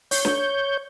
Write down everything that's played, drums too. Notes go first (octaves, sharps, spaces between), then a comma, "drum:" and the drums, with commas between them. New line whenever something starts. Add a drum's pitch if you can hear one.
C#5 G6, drum: open hi-hat
drum: snare